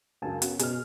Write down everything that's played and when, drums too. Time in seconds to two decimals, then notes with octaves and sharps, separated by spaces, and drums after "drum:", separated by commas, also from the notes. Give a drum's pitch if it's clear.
0.22 C#2 F#2 C#3 D4 G#5 A5
0.42 B3 C#4 F#4, drum: hi-hat
0.59 B2 G#4 F6, drum: hi-hat